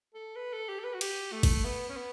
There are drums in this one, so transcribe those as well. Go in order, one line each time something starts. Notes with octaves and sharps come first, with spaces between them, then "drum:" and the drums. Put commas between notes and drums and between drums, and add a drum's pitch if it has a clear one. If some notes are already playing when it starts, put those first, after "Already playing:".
A4
B4
A4
G4
A4
B4
F#4
G4, drum: cymbal
A3
drum: kick, cymbal
B3
C#4
B3